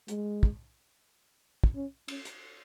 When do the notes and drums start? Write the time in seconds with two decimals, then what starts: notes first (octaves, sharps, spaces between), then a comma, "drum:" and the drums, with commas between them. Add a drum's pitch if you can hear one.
0.08 G#3, drum: hi-hat
0.43 drum: kick
1.64 drum: kick
1.75 C#4
2.08 C#4, drum: cymbal
2.25 drum: hi-hat